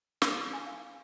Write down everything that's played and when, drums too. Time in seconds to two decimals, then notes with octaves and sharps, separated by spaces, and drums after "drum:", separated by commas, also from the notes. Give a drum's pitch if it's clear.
0.22 G5, drum: snare
0.53 G#5
0.66 F5